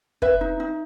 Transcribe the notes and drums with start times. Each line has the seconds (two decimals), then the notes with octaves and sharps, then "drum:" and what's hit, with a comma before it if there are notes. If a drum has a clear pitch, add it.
0.22 B4 E5, drum: kick
0.41 D#4
0.60 D#4